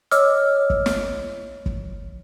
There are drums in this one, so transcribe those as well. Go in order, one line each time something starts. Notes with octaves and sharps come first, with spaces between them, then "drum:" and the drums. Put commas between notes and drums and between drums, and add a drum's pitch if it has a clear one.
C#5 D#5 D6 E6 F6, drum: hi-hat
drum: kick
drum: snare
drum: kick